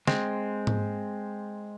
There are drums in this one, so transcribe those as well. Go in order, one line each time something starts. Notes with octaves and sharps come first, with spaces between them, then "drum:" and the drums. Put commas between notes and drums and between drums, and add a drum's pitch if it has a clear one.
G#3 C4, drum: snare
drum: tom G#2